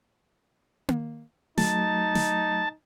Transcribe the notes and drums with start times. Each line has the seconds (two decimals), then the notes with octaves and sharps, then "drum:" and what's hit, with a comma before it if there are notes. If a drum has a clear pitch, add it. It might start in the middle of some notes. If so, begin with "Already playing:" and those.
0.88 drum: tom A#3
1.58 F#3 A3 D#4 A5, drum: snare
2.15 drum: snare